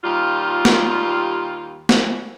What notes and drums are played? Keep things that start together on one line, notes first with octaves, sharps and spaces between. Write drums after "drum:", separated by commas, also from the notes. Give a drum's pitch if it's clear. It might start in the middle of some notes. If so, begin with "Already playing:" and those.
D#2 G3 F4
drum: snare
drum: snare